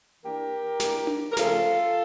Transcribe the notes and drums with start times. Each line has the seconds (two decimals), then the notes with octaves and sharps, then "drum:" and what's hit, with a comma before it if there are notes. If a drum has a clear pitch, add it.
0.23 E3 A#3 D4 G4 A#4
0.80 E3 A#3 D4, drum: snare
1.07 drum: tom D4
1.32 A#4
1.37 C#3 F3 A3 C#4 F4 A4, drum: snare